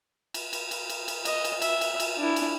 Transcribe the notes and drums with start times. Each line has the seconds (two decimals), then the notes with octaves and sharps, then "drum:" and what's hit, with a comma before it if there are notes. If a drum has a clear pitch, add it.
0.34 drum: cymbal
0.53 drum: cymbal
0.71 drum: cymbal
0.89 drum: cymbal
1.08 drum: cymbal
1.25 D#5, drum: cymbal
1.45 drum: cymbal
1.62 E5, drum: cymbal
1.81 drum: cymbal
2.00 drum: cymbal
2.18 D4 E4
2.36 drum: cymbal